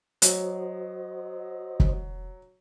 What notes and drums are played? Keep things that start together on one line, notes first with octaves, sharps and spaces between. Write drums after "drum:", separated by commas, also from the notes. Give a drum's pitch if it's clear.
F#3 F#4 C5 D#5, drum: hi-hat
drum: kick